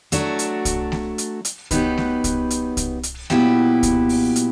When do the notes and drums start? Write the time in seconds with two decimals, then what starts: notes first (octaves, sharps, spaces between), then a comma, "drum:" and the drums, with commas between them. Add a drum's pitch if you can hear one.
0.12 F#3 A3 D4 F#4, drum: hi-hat
0.39 drum: hi-hat
0.65 drum: kick C2, hi-hat
0.92 drum: snare A3
1.18 drum: hi-hat
1.45 drum: hi-hat
1.71 F#3 B3 D#4 G4 B4, drum: kick C2, hi-hat
1.98 drum: snare A3
2.24 drum: kick C2, hi-hat
2.50 drum: hi-hat
2.77 drum: kick C2, hi-hat
3.03 drum: hi-hat
3.30 A#2 F#3 B3 E4 G4, drum: snare A3
3.83 drum: kick C2, hi-hat
4.09 drum: open hi-hat
4.36 drum: hi-hat